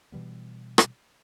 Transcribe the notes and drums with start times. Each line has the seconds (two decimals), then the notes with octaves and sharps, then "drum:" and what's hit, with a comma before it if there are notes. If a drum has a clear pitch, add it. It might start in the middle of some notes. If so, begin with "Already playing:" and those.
0.12 B2 E3 G3 B3
0.78 drum: rim click